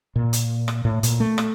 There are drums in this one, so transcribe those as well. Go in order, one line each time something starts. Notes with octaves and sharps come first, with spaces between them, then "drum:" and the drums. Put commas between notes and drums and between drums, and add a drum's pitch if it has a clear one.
A#2
drum: hi-hat
drum: rim click
A2
A#2, drum: hi-hat
A3
drum: rim click